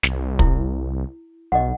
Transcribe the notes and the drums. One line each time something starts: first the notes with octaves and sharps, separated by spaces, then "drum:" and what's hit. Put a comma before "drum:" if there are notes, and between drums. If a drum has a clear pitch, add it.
C2, drum: snare
E4, drum: kick
B1 D#5 F#5